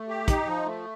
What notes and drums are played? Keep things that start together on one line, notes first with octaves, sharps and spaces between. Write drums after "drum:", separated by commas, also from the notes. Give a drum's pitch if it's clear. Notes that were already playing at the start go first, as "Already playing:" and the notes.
Already playing: A3
G4
D#4, drum: kick, hi-hat
F3
A3